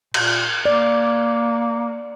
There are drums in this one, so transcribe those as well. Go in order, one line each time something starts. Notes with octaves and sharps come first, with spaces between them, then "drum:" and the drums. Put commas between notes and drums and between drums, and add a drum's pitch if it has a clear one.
A#2, drum: cymbal
A#3 D5